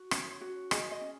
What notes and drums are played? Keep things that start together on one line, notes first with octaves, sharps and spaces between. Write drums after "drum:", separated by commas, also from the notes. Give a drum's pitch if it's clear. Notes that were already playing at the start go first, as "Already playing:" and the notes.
Already playing: F#4
C#4 C#5, drum: rim click
F#4
G#4 D#5, drum: rim click
D#5
C#4